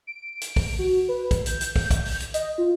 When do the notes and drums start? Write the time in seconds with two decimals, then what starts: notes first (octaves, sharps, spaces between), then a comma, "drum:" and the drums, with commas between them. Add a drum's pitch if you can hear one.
0.07 D7
0.41 drum: hi-hat
0.56 drum: kick, open hi-hat
0.79 F#4
1.08 B4
1.31 drum: kick, hi-hat
1.46 G6, drum: hi-hat
1.61 drum: hi-hat
1.76 drum: kick, open hi-hat
1.91 drum: kick, hi-hat
2.05 drum: open hi-hat
2.20 drum: hi-hat
2.34 D#5, drum: hi-hat
2.58 F4